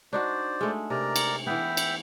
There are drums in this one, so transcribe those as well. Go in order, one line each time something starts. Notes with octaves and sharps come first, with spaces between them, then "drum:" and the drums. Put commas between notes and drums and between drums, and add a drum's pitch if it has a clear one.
D4 D#4 F#4 C5 D5
G#3 A3
C3 A#4 D5 A#5
drum: cymbal
E3 B3 E5 G5
drum: cymbal